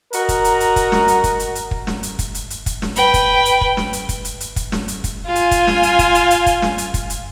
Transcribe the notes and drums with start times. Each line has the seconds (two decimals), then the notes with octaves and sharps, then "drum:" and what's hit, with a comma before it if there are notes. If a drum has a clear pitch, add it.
0.13 F#4 A#4 D#5 A#5, drum: hi-hat
0.29 drum: kick, hi-hat
0.44 drum: hi-hat
0.60 drum: hi-hat
0.76 drum: kick, hi-hat
0.92 drum: snare
1.08 drum: hi-hat
1.24 drum: kick, hi-hat
1.39 drum: hi-hat
1.55 drum: hi-hat
1.71 drum: kick
1.87 drum: snare
2.03 drum: hi-hat
2.19 drum: kick, hi-hat
2.35 drum: hi-hat
2.50 drum: hi-hat
2.66 drum: kick, hi-hat
2.82 drum: snare
2.96 B4 G5, drum: hi-hat
3.14 drum: kick, hi-hat
3.45 drum: hi-hat
3.61 drum: kick
3.77 drum: snare
3.93 drum: hi-hat
4.09 drum: kick, hi-hat
4.25 drum: hi-hat
4.40 drum: hi-hat
4.56 drum: kick, hi-hat
4.72 drum: snare
4.88 drum: hi-hat
5.04 drum: kick, hi-hat
5.26 F4 G#5
5.35 drum: hi-hat
5.51 drum: kick, hi-hat
5.67 drum: snare
5.83 drum: hi-hat
5.99 drum: kick, hi-hat
6.15 drum: hi-hat
6.31 drum: hi-hat
6.46 drum: kick, hi-hat
6.62 drum: snare
6.78 drum: hi-hat
6.94 drum: kick, hi-hat
7.10 drum: hi-hat